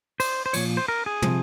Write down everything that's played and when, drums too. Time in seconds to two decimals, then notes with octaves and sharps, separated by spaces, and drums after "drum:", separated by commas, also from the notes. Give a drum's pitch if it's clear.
0.20 C5, drum: cymbal
0.46 C5
0.53 A#2 F3 C#5, drum: cymbal
0.77 C5
0.88 A#4
1.06 G#4
1.22 C3 F3, drum: tom